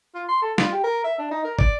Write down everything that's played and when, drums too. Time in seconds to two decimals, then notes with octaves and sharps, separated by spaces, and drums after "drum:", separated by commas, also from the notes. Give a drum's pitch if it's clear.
0.15 F4
0.29 C6
0.42 A4
0.58 F4, drum: snare
0.72 G4
0.84 A#4
1.04 E5
1.19 D4
1.31 D#4
1.45 A#4
1.59 D5, drum: kick